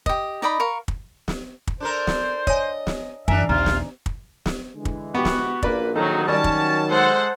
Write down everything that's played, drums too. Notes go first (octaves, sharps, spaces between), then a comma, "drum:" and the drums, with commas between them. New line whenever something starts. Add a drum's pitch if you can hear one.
G4 D#5, drum: kick
D#4 D5 D#5 B5
A#4 F5 C#6
drum: kick
drum: snare
drum: kick
D4 A4 A#4 C5
drum: snare
C#5 D#5 G#5, drum: kick
drum: snare
F#2 E3 D4 A#4 E5 G#5, drum: kick
A#1 D#2 C3 F4 A#5
drum: snare
drum: kick
drum: snare
D3 E3 G#3
drum: kick
B3 F#4 G4
drum: snare
A#1 F#2 A#2 A#3 B4 D5, drum: kick
D#3 F#3 D#4 A4
D#3 F#3 G3 C#4 D5 A5
drum: kick
G#3 A4 C5 F#5